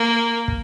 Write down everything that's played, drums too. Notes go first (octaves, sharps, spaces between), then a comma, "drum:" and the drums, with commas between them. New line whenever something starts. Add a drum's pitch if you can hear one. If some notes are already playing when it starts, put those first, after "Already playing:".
Already playing: A#3
drum: kick